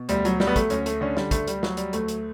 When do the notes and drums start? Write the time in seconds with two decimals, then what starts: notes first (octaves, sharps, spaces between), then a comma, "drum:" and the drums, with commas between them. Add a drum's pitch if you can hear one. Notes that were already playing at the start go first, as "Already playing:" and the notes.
Already playing: B2
0.09 D2 G3, drum: hi-hat
0.25 F#3, drum: hi-hat
0.40 F#3 G3, drum: snare
0.47 B3
0.56 A3, drum: kick, hi-hat
0.70 D2 C#4, drum: hi-hat
0.86 A3, drum: hi-hat
1.01 D3 C#4
1.17 G3, drum: snare
1.31 D2 A3, drum: kick, hi-hat
1.47 G3, drum: hi-hat
1.63 F#3, drum: snare
1.77 G3, drum: hi-hat
1.93 D2 A3, drum: hi-hat
2.08 drum: hi-hat